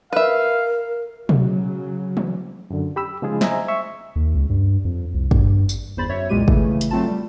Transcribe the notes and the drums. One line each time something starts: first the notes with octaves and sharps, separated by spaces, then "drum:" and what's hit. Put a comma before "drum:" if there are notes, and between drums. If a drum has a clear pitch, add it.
A#4 B4 E5 F5
C#3 F#3, drum: tom B2
drum: tom E3
F#2 D3
G4 B5 E6
C#3 F3 G#3 D#4 F4 G#4
C5 D#5 E5 G#5 A#5, drum: snare
E5 C#6
D#2
C#2
G2
F2
C2
G2, drum: kick
drum: tambourine
G1 E2 C5 B5 A6
F#2 C#5 E5
B1 E2 A#2 G#3 G4 D#7
C#3 E3 A3, drum: kick
drum: hi-hat
F#3 A3 C4 F4 A5
G3